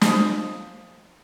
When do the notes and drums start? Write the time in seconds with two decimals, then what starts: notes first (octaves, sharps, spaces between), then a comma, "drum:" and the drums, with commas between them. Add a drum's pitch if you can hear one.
0.01 F3 G#4 D#5, drum: snare